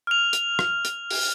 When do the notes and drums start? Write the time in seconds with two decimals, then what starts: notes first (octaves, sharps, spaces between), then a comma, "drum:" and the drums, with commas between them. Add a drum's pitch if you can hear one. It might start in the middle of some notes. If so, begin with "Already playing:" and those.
0.07 F6 F7
0.33 drum: hi-hat
0.59 drum: rim click
0.85 drum: hi-hat
1.11 drum: open hi-hat